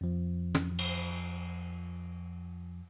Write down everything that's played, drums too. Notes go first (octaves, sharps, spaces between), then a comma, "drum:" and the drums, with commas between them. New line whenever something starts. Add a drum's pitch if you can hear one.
F2 F3
drum: tom
drum: cymbal